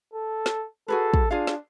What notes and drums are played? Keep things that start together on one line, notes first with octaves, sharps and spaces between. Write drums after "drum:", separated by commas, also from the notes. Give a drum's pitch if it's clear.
A4
drum: snare
F#4 G#4 A4 B4
drum: kick
D4 F4 G#4 F5
drum: snare